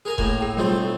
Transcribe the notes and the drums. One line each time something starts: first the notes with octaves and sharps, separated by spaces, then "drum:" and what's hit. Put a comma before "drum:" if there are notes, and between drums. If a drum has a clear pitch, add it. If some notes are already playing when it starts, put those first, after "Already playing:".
G#4 A#4 G#5
A2 A#3, drum: kick E1
G#4 G5
B1 G3 A3 C4 F4